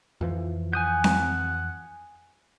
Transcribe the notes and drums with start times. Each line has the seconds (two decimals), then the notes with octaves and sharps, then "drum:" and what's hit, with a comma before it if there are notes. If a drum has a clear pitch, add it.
0.21 F2 E3 F3
0.73 F#5 G#5 D#6 G6
1.04 drum: snare C4